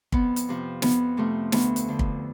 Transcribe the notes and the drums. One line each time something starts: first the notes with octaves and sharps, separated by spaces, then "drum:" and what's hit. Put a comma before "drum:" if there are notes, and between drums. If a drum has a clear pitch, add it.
F2 B3, drum: kick
drum: hi-hat
C3 F3
F2 B3, drum: snare
C3 F3 A3
D2 B3, drum: snare
drum: hi-hat
D3 F3
drum: kick